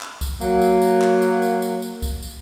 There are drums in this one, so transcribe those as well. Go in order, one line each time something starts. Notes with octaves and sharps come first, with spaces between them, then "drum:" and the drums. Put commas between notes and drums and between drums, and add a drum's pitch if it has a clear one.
drum: clap
drum: kick C2, tambourine
F#3 A#3, drum: tambourine
drum: tambourine
drum: tambourine
drum: clap
drum: tambourine
drum: tambourine
drum: tambourine
drum: tambourine
drum: kick C2, tambourine
drum: tambourine